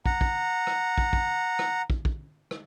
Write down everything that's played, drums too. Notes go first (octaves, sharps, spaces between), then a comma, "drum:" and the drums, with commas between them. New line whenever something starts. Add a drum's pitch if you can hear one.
F#5 A#5, drum: kick
drum: kick
drum: rim click
drum: kick
drum: kick
drum: rim click
drum: kick
drum: kick
drum: rim click